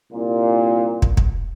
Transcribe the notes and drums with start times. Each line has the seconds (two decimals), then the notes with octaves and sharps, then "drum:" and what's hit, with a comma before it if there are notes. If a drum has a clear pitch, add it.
0.12 C2 A#2
1.02 drum: kick
1.17 drum: kick